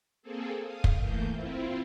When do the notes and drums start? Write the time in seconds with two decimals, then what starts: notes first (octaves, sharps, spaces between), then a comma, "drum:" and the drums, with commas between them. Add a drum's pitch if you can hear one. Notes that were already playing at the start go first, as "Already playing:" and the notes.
0.22 A#3 C4 G#4 A4
0.63 F5 D#6
0.84 drum: kick
1.00 E3 A3 A#3 G6
1.31 C4 E4 F4